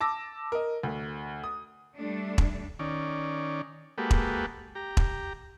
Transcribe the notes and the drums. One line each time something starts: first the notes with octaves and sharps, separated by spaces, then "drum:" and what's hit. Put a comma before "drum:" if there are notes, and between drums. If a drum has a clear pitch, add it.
A5 D6 E6 A#6
A#4 D#5
D2
D#6
G3 A3 D4
drum: kick E1
D#3 C#4 D5
G#3 A#3 F#4 G4 A4 B4
drum: kick E1
G4 A#5
drum: kick E1